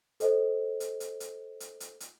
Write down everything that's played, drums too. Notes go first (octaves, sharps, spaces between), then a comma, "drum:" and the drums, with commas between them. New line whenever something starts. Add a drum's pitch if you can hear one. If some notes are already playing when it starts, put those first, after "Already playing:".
A4 C5 D#5, drum: hi-hat
drum: hi-hat
drum: hi-hat
drum: hi-hat
drum: hi-hat
drum: hi-hat
drum: hi-hat